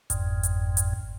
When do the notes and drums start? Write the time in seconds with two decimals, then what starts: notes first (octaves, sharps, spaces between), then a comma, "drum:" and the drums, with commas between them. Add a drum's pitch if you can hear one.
0.10 G1 F2 G#2, drum: hi-hat
0.43 drum: hi-hat
0.77 drum: hi-hat